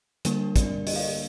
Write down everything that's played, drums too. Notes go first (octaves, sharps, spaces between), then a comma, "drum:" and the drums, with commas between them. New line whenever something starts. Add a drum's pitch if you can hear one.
D3 G3 A#3 D4 A#4, drum: hi-hat
D5, drum: kick, hi-hat
D#5, drum: open hi-hat
F5
D#5